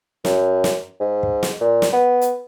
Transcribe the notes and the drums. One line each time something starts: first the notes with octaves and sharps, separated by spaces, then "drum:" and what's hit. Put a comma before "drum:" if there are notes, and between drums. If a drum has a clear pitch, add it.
F#2, drum: snare
drum: snare
G#2
drum: kick
drum: snare
A#2
drum: snare
B3
drum: hi-hat